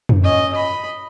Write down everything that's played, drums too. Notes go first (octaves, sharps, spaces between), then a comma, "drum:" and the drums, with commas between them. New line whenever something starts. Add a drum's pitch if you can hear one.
drum: tom
C#4 D#5
D#5 B5